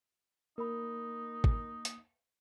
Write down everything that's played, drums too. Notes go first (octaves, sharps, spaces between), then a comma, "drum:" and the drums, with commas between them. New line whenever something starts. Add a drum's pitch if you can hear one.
A#3 D#4 A#4 B5
drum: kick
drum: hi-hat